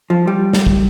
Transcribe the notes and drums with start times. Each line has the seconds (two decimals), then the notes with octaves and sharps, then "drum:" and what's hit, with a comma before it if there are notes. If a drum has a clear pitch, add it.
0.10 F3
0.27 G3
0.53 drum: snare
0.66 drum: kick